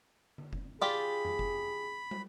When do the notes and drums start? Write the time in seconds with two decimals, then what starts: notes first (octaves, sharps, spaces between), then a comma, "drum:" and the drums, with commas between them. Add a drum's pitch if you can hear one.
0.38 drum: tom D3
0.53 drum: kick F1
0.81 F4 G4 G#4 D5 B5
1.25 drum: tom F2
1.39 drum: kick F1
2.11 drum: tom